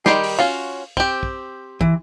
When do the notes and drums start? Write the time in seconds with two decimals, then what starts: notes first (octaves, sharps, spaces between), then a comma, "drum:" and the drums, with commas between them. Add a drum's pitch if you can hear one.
0.06 D#3 G3 G4 C6, drum: snare
0.23 drum: open hi-hat
0.39 C#4 F4 F#4 F5
0.97 C4 G4, drum: kick
1.23 drum: kick
1.81 E3, drum: kick